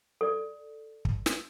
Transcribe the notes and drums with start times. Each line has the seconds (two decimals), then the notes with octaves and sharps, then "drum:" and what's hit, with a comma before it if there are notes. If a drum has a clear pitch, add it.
0.21 A4 D5
1.05 drum: kick
1.26 drum: snare